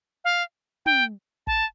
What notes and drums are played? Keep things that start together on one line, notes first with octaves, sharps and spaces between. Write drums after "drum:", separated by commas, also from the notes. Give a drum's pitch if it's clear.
F5
G5, drum: tom
A5, drum: kick